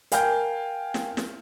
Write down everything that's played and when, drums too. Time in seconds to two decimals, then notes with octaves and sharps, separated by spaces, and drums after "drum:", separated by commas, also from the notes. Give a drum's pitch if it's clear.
0.12 A#4 F5 G5 G#5 F6 G6, drum: hi-hat
0.94 drum: snare
1.17 drum: snare